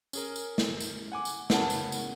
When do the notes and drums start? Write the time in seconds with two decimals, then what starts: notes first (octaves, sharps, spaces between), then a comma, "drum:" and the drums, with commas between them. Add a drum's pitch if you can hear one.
0.13 C#4 G#4 A#4, drum: tambourine
0.36 drum: tambourine
0.58 drum: snare
0.80 drum: tambourine
1.12 F#5 G#5 D6
1.25 drum: tambourine
1.50 C#3 B3 C#4 A#4 F#5 A5, drum: snare
1.70 drum: tambourine
1.92 drum: tambourine